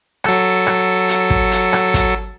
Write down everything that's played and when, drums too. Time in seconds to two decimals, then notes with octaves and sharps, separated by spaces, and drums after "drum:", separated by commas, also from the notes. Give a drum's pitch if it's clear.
0.24 F#3 A4 C#7, drum: rim click
0.67 drum: rim click
1.09 drum: hi-hat
1.30 drum: kick
1.52 drum: hi-hat
1.73 drum: rim click
1.94 drum: kick, hi-hat